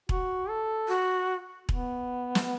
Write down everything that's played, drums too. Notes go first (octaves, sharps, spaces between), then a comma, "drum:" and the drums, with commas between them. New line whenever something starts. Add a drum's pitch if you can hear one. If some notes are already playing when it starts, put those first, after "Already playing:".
F#4, drum: kick E1
A4
F#4
B3, drum: kick E1
drum: snare